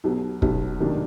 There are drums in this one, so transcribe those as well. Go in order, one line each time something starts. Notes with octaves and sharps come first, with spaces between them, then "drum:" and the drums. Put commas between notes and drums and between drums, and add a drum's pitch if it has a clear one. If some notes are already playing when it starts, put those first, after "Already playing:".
B1 B2 F#3 B3
B1 B2 F#3 B3, drum: kick
F1 D#2 D#3 F#3 D4